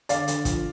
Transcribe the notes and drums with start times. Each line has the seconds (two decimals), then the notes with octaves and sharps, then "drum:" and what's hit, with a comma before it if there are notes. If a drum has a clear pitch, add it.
0.09 D3 D5 F5, drum: hi-hat
0.28 D3, drum: hi-hat
0.45 F3, drum: kick, hi-hat